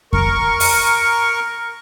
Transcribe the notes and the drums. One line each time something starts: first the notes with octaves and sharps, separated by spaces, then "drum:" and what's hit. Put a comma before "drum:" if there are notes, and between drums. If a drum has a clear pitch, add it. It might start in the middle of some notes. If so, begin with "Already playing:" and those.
A#4 C#6, drum: kick F2
drum: open hi-hat